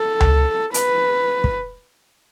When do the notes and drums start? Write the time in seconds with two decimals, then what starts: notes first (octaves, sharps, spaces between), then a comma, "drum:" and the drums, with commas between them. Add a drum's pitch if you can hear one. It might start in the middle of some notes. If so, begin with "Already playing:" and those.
Already playing: A4
0.20 drum: tom C#2
0.74 B4, drum: hi-hat
1.44 drum: kick